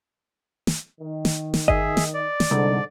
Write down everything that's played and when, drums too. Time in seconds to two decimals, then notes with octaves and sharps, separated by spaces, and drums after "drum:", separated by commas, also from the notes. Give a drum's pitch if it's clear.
0.67 drum: snare
1.00 D#3
1.25 drum: snare
1.54 drum: snare
1.68 G#4 D#5 E5, drum: kick G1
1.97 drum: snare
2.14 D5
2.40 drum: snare
2.51 C2 G#2 D3